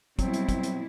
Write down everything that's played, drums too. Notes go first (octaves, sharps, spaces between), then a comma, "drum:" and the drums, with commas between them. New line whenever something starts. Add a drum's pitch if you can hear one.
B2 F#3 G3 C4 E4, drum: kick, hi-hat
drum: hi-hat
drum: kick, hi-hat
drum: hi-hat